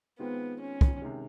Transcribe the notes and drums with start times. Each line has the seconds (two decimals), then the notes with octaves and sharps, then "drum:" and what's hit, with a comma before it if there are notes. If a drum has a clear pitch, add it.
0.19 D#3 G#3 B3 C4 F4
0.60 C#4
0.81 drum: kick
1.02 C3 D#3 G#3